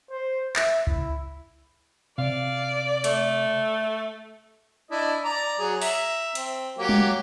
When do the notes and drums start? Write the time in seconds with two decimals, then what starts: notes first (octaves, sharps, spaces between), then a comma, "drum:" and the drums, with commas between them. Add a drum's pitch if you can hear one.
0.10 C5
0.56 E5, drum: clap
0.87 E4, drum: kick C#2
2.18 C3 D5 F5
3.04 A3, drum: hi-hat
4.91 D4 E4 D#5
5.24 D5 A#5
5.59 F#3 G#4
5.82 E5 A#5, drum: open hi-hat
6.35 C4, drum: hi-hat
6.78 F#3 A#3 G4
6.89 drum: tom G3